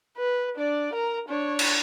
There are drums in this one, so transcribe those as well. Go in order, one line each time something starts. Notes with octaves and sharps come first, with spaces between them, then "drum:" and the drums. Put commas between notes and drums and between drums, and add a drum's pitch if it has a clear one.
B4
D4 D5
A#4 A#5
D4 C#5
drum: cymbal